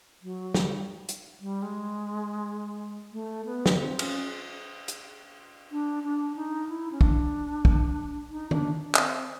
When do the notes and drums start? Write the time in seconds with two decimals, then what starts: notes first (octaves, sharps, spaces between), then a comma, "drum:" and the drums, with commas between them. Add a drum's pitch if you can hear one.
0.23 F#3
0.54 G3, drum: snare
1.09 drum: hi-hat
1.41 G3
1.62 G#3
3.13 A3
3.45 B3
3.66 drum: snare
3.78 C4
3.99 C#4, drum: cymbal
4.88 drum: hi-hat
5.71 D4
6.03 D4
6.36 D#4
6.69 E4
6.92 C#4
7.01 D4, drum: kick
7.65 drum: kick
8.30 D#4
8.51 D4, drum: tom D#3
8.95 C4, drum: clap